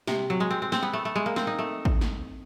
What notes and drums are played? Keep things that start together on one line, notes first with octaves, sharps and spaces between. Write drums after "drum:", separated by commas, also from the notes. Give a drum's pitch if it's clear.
C3, drum: snare
F#3
G#3
C4
C4
C4, drum: snare
B3
A3
A3
G#3
A#3
C4, drum: snare
D#4
A3
drum: kick
drum: snare